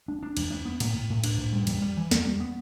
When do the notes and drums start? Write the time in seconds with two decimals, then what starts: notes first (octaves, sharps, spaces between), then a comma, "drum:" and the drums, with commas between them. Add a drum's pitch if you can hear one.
0.08 D4
0.23 D4
0.37 E2, drum: cymbal
0.51 D4
0.65 B3
0.80 A2, drum: cymbal
0.95 A2
1.10 A2
1.24 D4, drum: cymbal
1.38 A2
1.53 G3
1.67 E2, drum: cymbal
1.82 G3
1.97 E3
2.11 E2, drum: snare
2.25 G3
2.40 B3